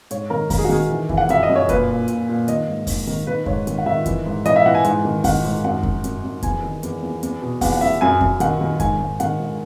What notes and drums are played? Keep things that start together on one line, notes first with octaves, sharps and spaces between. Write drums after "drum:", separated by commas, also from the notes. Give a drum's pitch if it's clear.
G#2 C#5, drum: hi-hat
D#3 A#4
D#3 A#4, drum: kick F2, open hi-hat
G#4
F#4
D#3 G#4
E3
E3, drum: kick F2
F#5
F#2 E5, drum: hi-hat
D#5
F#2
C#5
A#2 B4, drum: kick F2, hi-hat
A#2
A#2, drum: hi-hat
A#2
D#3 D#5, drum: hi-hat
G#2
G#2, drum: kick F2, open hi-hat
D#3
D#3 B4
G#2 C#5, drum: kick F2
D#3, drum: hi-hat
F#5
D#3 E5
E3, drum: kick F2, hi-hat
G#2
E3 D#5, drum: hi-hat
E5
E3 F#5
G#5
G#2, drum: hi-hat
D#3
D#3 F#5, drum: kick F2, open hi-hat
G#2
F#2 F#5
F#2, drum: kick F2
F#2, drum: hi-hat
F#2
E2 G#5, drum: kick F2, hi-hat
D#3
E2, drum: hi-hat
E2
E2, drum: hi-hat
B2
E2 F#5, drum: kick F2, open hi-hat
F#5
E2 E5
F#2 G#5
F#2, drum: kick F2
D#3 F#5, drum: hi-hat
D#3
G#2 G#5, drum: kick F2, hi-hat
G#2
D#3 F#5, drum: hi-hat
G#2